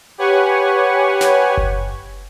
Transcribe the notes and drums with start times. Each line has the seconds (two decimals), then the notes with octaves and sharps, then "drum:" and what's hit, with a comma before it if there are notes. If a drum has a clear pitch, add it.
0.18 G4 B4 C#5 F#5 G#5 C#6
1.21 drum: snare
1.57 drum: kick F#1